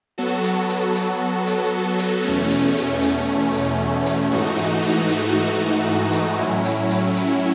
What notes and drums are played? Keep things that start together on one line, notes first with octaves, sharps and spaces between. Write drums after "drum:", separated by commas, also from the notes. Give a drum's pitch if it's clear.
F#3 B3 F#4 A4
drum: hi-hat
drum: hi-hat
drum: hi-hat
drum: hi-hat
drum: hi-hat
E2 B2 A3 C#4
drum: hi-hat
drum: hi-hat
drum: hi-hat
drum: hi-hat
drum: hi-hat
G#2 E3 A3 D#4 F#4
drum: hi-hat
drum: hi-hat
drum: hi-hat
drum: hi-hat
A2 F#3 C#4 E4
drum: hi-hat
drum: hi-hat
drum: hi-hat